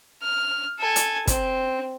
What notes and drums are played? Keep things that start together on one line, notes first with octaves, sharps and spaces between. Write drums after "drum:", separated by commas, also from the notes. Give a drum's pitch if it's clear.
F6
A4 G#5
drum: hi-hat
C4, drum: kick, hi-hat